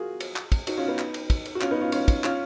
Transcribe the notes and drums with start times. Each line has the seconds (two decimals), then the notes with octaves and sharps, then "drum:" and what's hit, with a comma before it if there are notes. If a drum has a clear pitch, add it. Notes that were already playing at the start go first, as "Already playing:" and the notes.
Already playing: F4 F#4 G#4 A#4
0.20 drum: cymbal
0.36 drum: clap
0.52 drum: kick, cymbal
0.67 D#4 F#4, drum: cymbal
0.78 C#4 F4
0.88 B3 D#4
0.99 drum: clap
1.14 drum: cymbal
1.30 drum: kick, cymbal
1.45 drum: cymbal
1.55 F#4
1.61 C#4 F4, drum: clap
1.71 B3 D#4
1.81 C#4 F4
1.92 C#4 F4, drum: cymbal
2.08 drum: kick, cymbal
2.24 C#4 F4, drum: clap